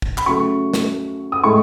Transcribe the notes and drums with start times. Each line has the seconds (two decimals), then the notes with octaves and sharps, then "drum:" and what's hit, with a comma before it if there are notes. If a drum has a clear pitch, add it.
0.02 drum: kick
0.18 B5, drum: clap
0.26 C#3 F#3 A3 C#6
0.73 drum: snare
1.32 D#6
1.44 A2 G#3 C#6